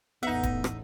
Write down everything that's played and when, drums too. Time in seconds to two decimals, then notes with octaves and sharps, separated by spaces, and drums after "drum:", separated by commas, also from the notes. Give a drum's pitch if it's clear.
0.23 A1 E2 A2 B3 D#4 E5 F#5
0.43 drum: kick D#1, hi-hat
0.64 drum: rim click